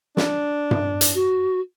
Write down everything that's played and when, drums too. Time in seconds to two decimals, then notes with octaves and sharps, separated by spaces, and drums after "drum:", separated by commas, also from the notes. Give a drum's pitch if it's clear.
0.17 D4, drum: snare
0.71 drum: tom G2
1.01 drum: hi-hat
1.14 F#4